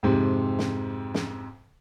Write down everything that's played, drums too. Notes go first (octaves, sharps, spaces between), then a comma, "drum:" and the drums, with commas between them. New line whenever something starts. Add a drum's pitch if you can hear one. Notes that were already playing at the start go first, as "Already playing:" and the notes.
F2 G#2 C3
drum: snare
drum: snare